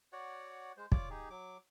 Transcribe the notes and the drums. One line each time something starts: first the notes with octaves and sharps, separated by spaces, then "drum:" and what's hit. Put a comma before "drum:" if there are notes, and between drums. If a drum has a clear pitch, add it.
F#4 C#5 D5 F#5
G#3 C5
F4 C#5 D5 D6, drum: kick
D#4 G4 G#4
F#3 D6